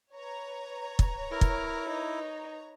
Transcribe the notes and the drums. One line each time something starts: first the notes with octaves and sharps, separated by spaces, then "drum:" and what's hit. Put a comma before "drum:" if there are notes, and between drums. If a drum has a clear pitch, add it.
B4 C#5 A#5
drum: kick
E4 A#4
drum: kick
D#4